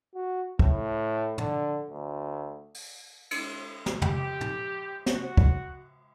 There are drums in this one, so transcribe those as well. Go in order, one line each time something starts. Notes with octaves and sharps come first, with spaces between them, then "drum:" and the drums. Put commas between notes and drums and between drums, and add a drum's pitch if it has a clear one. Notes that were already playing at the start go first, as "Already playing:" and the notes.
F#4
A2, drum: kick
D3, drum: tom
D2
drum: open hi-hat
drum: cymbal
drum: snare
G4, drum: tom
drum: tom
F#4, drum: snare
drum: kick